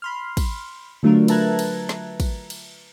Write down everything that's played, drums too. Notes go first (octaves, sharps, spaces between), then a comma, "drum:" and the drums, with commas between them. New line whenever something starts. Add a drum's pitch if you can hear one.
B5 C6 F6
drum: kick, cymbal
D3 F#3 A3 D4 F4 A#4
B4 E5 A5 A#5 F#6 G#6, drum: cymbal
drum: cymbal
drum: snare
drum: kick, cymbal
drum: cymbal